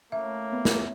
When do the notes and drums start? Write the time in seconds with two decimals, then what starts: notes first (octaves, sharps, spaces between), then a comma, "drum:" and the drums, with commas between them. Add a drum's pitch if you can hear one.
0.12 A2 C#3 A3 A#3 E5
0.52 B3
0.65 drum: snare